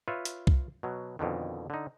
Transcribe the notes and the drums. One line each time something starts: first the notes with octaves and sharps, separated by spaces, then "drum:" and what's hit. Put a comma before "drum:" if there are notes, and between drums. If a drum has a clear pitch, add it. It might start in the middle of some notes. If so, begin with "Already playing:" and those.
F4 B4 C#5 E5
drum: hi-hat
drum: kick C2
B2 F#3
F2 B2 D3 D#3
D3 D#4